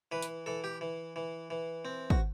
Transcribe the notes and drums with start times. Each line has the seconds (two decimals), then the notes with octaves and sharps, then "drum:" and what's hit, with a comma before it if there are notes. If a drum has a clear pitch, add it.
0.12 E3 B4
0.22 drum: hi-hat
0.46 E3 A4
0.64 G4
0.81 E3
1.16 E3
1.50 E3
1.85 C4
2.10 F#4, drum: kick